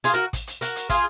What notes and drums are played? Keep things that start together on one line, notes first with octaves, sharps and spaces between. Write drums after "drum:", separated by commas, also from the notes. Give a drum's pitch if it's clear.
F4 G#4, drum: hi-hat
F#4 A#4
drum: kick, hi-hat
drum: hi-hat
F#4 A#4, drum: hi-hat
drum: hi-hat
F4 G#4, drum: kick, hi-hat